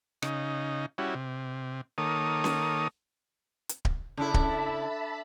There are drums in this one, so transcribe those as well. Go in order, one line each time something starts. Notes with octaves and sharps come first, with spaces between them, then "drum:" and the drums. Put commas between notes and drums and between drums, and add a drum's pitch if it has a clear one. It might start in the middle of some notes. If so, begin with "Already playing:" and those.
C#3 D#4, drum: rim click
G3 C#4 E4 F#4
C3
D#3 A#3 A4 C#5 D#6
drum: snare C#4
drum: hi-hat
drum: kick D1
C#3 D4 E4 A4 E5 A5 B5
drum: kick D1